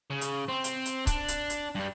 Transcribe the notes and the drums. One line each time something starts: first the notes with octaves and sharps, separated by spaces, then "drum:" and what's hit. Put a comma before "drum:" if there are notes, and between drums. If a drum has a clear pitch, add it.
C#3
drum: hi-hat
C4
drum: hi-hat
drum: hi-hat
D4, drum: kick C#1, hi-hat
drum: hi-hat
drum: hi-hat
G2 G3